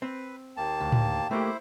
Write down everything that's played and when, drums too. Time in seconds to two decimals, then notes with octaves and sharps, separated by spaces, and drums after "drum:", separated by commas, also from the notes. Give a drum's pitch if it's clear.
0.02 C4 B4
0.57 D#2 A#3 G5 A5
0.80 D2
0.92 drum: tom A2
1.31 A3 A#3 E4 G4 C5